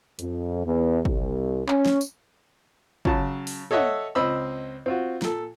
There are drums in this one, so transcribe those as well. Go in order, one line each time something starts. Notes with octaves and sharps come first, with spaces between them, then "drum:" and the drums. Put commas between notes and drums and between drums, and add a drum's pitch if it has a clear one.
F2, drum: hi-hat
E2
C2, drum: kick
C#4, drum: clap
drum: snare
drum: tambourine
C#3 F#3 A5, drum: kick
drum: open hi-hat
A4 C#5 D#5 E5 F#5, drum: tom
C#2 C4 D#5 B5 E6
C4 F4 F#4
A#2 A4, drum: snare